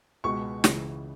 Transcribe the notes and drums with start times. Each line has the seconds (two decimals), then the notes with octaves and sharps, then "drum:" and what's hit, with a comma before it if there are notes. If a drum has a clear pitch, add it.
0.24 C#2 B2 G#3 C#6
0.64 C#2 C#3 E3, drum: snare